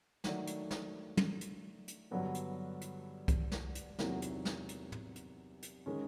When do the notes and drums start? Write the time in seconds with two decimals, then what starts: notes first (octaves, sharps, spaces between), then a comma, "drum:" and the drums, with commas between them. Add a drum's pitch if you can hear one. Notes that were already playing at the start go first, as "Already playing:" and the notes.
0.24 D#3 F#3 A3 D4, drum: snare
0.47 drum: hi-hat
0.71 drum: snare
1.17 drum: tom
1.41 drum: hi-hat
1.88 drum: hi-hat
2.11 G2 D3 F#3 B3
2.34 drum: hi-hat
2.81 drum: hi-hat
3.28 drum: kick C2, hi-hat
3.52 drum: snare
3.75 drum: hi-hat
3.99 E2 C3 D#3 F#3 A#3, drum: snare
4.22 drum: hi-hat
4.45 drum: snare
4.69 drum: hi-hat
4.92 drum: tom
5.15 drum: hi-hat
5.62 drum: hi-hat
5.86 D#3 G#3 C#4